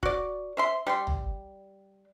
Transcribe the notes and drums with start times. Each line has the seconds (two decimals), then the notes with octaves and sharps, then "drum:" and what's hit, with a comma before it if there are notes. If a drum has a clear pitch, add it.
0.03 F#4 D5, drum: kick
0.57 C5 E5 C6
0.87 G3 G5 C6
1.07 drum: tom